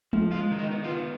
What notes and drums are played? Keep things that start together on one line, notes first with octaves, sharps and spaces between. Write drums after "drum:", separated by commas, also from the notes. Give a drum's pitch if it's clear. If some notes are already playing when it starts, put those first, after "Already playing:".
F3, drum: tom G#3
G#3 F4
D#3
D#4
B3
F4
D#3